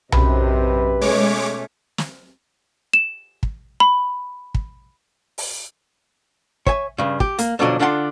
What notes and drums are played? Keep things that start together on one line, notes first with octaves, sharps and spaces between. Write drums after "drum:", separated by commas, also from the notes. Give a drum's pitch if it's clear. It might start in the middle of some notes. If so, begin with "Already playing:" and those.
F#2 C3 C4 D#4 B4, drum: tom B1
B2 G#3 A3 C#4 C#5 D6
drum: snare
E7
drum: kick
B5
drum: kick
drum: open hi-hat
C#5 E5 G#5, drum: kick
G2 C#3
G4, drum: kick
A#3, drum: hi-hat
F2 B2 D3 F#3 D4 D#5
D3 D4 F4 F#5 G5 C6